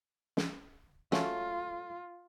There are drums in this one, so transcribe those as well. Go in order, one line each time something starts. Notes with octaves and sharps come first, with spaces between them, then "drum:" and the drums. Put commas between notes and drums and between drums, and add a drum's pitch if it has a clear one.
drum: snare
F#3 A3 C#4 F4, drum: snare